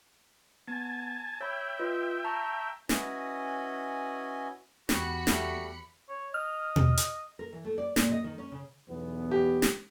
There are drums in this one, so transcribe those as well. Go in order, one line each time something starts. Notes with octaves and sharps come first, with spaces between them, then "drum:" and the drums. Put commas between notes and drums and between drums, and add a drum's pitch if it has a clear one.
B3 G#5 A5
C#5 E5 G5 B5
F4 B4 D#5
A5 A#5 C#6
C#4 E4 F#4 B4 D#5 G#5, drum: snare
E2 F#4 G4 B5 C#7, drum: snare
G3 A3 G4, drum: snare
C#5
D#5 F6
drum: tom B2
drum: hi-hat
A#4
E3
A3
D5
A#2, drum: snare
D#5
D#3
C#4
C#3
B1 E2 B3
G4
drum: snare